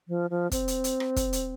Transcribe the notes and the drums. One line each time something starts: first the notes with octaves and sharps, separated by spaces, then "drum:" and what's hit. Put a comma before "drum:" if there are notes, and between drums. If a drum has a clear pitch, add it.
F3
F3
C4, drum: kick, hi-hat
drum: hi-hat
drum: hi-hat
drum: rim click
drum: kick, hi-hat
drum: hi-hat